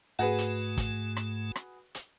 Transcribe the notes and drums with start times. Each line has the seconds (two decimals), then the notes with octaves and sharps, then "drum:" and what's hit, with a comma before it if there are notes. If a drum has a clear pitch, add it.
0.19 G#2 A3 F#4 G#4 B4
0.38 drum: hi-hat
0.77 drum: kick, hi-hat
1.17 drum: rim click
1.56 drum: rim click
1.95 drum: hi-hat